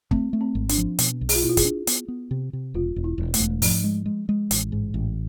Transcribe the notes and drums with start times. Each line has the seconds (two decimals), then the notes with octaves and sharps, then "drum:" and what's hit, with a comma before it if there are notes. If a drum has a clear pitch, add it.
0.11 A3 C4, drum: kick
0.33 A3
0.41 C4
0.55 G#1
0.69 D4, drum: hi-hat
0.78 F3
0.99 B2, drum: hi-hat
1.21 B1
1.29 G#4, drum: open hi-hat
1.35 F4
1.43 B2 E4
1.49 F4
1.57 G#4, drum: kick, hi-hat
1.65 D4
1.87 B3, drum: hi-hat
2.08 B3
2.31 C3
2.53 C3
2.74 E1 F4
2.96 E1
3.04 E4
3.18 E1
3.34 A3, drum: hi-hat
3.40 E1
3.62 G#2 F3, drum: open hi-hat
3.84 G#3
4.06 G#3
4.29 G#3
4.51 A1, drum: hi-hat
4.72 G#2
4.94 A1